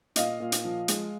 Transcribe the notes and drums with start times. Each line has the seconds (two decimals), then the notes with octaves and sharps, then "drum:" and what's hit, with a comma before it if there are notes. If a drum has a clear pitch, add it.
0.16 A#2 D#5 F5, drum: hi-hat
0.40 A#2
0.52 drum: hi-hat
0.65 F3
0.88 G#3, drum: hi-hat